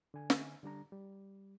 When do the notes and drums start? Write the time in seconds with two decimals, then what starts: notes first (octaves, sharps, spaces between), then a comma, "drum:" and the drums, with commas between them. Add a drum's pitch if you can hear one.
0.14 D3 G#5
0.30 drum: snare
0.63 D3 G3 D4 A#5
0.92 G3